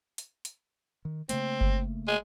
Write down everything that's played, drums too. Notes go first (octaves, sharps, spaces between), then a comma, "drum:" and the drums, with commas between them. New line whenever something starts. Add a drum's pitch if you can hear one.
drum: hi-hat
drum: hi-hat
D#3
C#3 A3 A#3 C4, drum: hi-hat
drum: kick G1
G#3